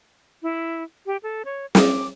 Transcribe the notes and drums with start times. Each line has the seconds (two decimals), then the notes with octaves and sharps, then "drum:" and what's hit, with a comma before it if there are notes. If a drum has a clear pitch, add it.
0.42 E4
1.06 G4
1.23 A4
1.45 C#5
1.75 D6, drum: snare